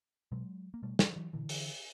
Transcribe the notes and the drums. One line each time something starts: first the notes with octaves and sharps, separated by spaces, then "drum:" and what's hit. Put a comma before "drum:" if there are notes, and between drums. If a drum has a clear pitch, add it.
B2 F#3 G#3
A#3
B2 G3 A3
F3 G3, drum: snare
E3 F#3
A#2 D3 E3
drum: open hi-hat